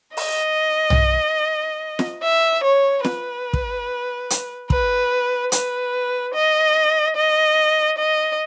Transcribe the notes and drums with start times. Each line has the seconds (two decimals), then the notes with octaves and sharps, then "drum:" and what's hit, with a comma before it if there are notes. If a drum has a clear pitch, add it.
0.17 D#5, drum: open hi-hat
0.90 drum: tom
1.99 drum: snare
2.23 E5
2.64 C#5
3.05 B4, drum: snare
3.53 drum: kick
4.30 drum: hi-hat
4.70 B4, drum: kick
5.52 B4, drum: hi-hat
6.34 D#5
7.16 D#5
7.98 D#5